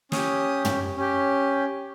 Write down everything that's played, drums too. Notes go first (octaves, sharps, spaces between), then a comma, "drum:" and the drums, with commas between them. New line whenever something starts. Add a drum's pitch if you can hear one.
C#4 G4 D#6, drum: snare
drum: tom
C#4 G4